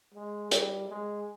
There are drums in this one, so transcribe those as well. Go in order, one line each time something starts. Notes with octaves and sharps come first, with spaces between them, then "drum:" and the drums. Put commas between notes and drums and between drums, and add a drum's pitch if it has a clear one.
G#3
G3, drum: hi-hat
G#3